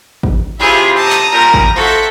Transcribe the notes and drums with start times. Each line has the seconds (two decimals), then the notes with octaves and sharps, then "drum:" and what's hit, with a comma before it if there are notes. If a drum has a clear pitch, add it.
0.23 drum: kick
0.60 C3 E4 F4 G#4 E5
0.96 A5 A#5 D#6
1.10 drum: clap
1.32 A#2 G3 A#4
1.54 drum: kick
1.76 F3 C4 F#4 A4 E5